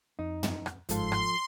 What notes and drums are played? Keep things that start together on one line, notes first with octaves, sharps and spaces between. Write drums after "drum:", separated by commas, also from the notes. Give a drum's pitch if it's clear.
F2 D#4
drum: tom
drum: rim click
G1 G#2 F3 A4 F5 C6, drum: hi-hat
drum: rim click